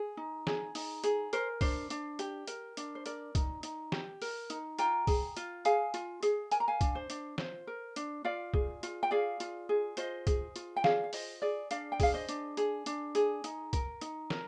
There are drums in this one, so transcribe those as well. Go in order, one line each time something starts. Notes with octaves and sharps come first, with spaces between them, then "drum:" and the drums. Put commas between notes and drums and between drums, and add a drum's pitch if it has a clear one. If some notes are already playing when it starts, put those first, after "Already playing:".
Already playing: G#4
D#4
G#4, drum: snare
D#4, drum: open hi-hat
G#4, drum: hi-hat
A#4 C5, drum: hi-hat
D4 C5, drum: kick, open hi-hat
D4, drum: hi-hat
G4, drum: hi-hat
A#4, drum: hi-hat
D4, drum: hi-hat
C5
A#4 D5, drum: hi-hat
D#4, drum: kick, hi-hat
D#4, drum: hi-hat
G4, drum: snare
A#4, drum: open hi-hat
D#4, drum: hi-hat
F4 G5 A#5, drum: hi-hat
G#4, drum: kick, open hi-hat
F4, drum: hi-hat
G#4 F5 G#5, drum: hi-hat
F4, drum: hi-hat
G#4, drum: hi-hat
A#4 G#5, drum: hi-hat
A#5
F5 G#5
D4, drum: kick, hi-hat
C5
D4, drum: hi-hat
F4 C5, drum: snare
A#4
D4, drum: hi-hat
F4 D5 F5
G#4, drum: kick
F4, drum: hi-hat
G5
G#4 D5 F5
F4, drum: hi-hat
G#4
F4 C5 D#5, drum: hi-hat
G#4, drum: kick, hi-hat
F4, drum: hi-hat
G5
G#4 D5 F5, drum: snare
F5
F4 C5 D#5, drum: open hi-hat
G#4 D5
D4 D5 F5, drum: hi-hat
G5
G#4 F5, drum: kick, open hi-hat
C5 D#5
D4, drum: hi-hat
G#4, drum: hi-hat
D4, drum: hi-hat
G#4, drum: hi-hat
D#4, drum: hi-hat
A#4, drum: kick, hi-hat
D#4, drum: hi-hat
A#4, drum: snare